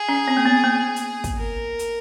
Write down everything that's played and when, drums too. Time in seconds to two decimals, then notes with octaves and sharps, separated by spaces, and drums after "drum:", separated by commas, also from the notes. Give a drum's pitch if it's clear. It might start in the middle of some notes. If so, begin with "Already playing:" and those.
Already playing: G#4
0.09 C#4
0.28 C4
0.37 A#3
0.46 B3
0.64 A#3
0.96 drum: hi-hat
1.24 drum: kick, hi-hat
1.38 A#4
1.79 drum: hi-hat